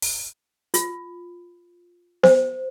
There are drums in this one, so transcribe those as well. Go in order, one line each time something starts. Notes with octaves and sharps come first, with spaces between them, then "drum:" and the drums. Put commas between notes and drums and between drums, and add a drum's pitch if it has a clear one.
drum: open hi-hat
F4, drum: hi-hat
C5, drum: snare B3